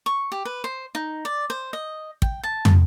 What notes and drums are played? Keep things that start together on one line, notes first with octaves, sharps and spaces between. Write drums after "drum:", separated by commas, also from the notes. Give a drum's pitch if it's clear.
C#6
G4
B4
C5
D#4
D5
C5
D#5
G5, drum: kick
A5
drum: tom